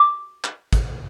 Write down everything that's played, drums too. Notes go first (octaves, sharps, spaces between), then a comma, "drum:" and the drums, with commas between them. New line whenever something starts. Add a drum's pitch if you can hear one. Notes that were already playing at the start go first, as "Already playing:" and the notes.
Already playing: D6
drum: clap
drum: kick G#1, hi-hat